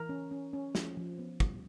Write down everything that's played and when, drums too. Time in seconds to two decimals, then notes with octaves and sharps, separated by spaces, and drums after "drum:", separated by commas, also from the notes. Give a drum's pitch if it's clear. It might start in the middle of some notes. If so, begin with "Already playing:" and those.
Already playing: E3 A#4
0.09 C#4
0.31 C#4
0.53 C#4
0.75 F3, drum: snare
0.97 F3
1.19 B3
1.40 G3, drum: kick